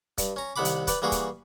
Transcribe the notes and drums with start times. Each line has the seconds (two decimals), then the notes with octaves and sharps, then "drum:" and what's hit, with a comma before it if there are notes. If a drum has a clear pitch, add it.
0.18 G2, drum: kick, hi-hat
0.36 C#4 A#5
0.56 C2 C3 D#3 F#5 B5 D6
0.65 drum: hi-hat
0.87 B4 D5 G5, drum: kick, hi-hat
1.02 E3 G3 A#3 F#4 G#4
1.12 drum: kick, hi-hat